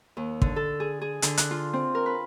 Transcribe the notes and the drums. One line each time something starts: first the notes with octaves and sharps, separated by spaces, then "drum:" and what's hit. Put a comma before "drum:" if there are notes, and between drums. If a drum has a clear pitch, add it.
D#2
D3, drum: kick
A4
G#4
G#4
D3, drum: hi-hat
F#6, drum: hi-hat
F4
C4
A#4
B4